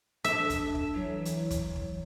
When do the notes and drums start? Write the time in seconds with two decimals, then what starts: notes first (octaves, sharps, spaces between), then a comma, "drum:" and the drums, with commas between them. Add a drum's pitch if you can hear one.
0.24 D4 A4 E5, drum: hi-hat
0.50 drum: kick, hi-hat
0.75 drum: kick
0.94 E3 F#3
1.25 drum: hi-hat
1.51 drum: kick, hi-hat
1.76 drum: kick